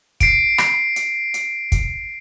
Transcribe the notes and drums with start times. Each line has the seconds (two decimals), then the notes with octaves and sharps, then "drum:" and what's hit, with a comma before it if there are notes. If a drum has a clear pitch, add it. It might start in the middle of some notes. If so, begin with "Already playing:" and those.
0.20 C7 D7, drum: kick, hi-hat
0.58 drum: rim click
0.96 drum: hi-hat
1.34 drum: hi-hat
1.72 drum: kick, hi-hat